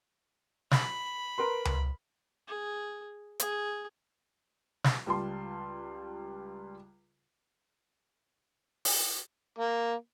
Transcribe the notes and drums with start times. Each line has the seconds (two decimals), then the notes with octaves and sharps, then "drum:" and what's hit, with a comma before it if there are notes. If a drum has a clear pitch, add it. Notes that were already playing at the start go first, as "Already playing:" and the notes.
0.71 B5, drum: snare
1.38 A#4 B4 C6
1.65 drum: tom C#2
2.48 G#4
3.39 G#4, drum: hi-hat
4.84 drum: snare
5.06 C#2 G3 F4 A5 C6
8.85 drum: open hi-hat
9.59 A#3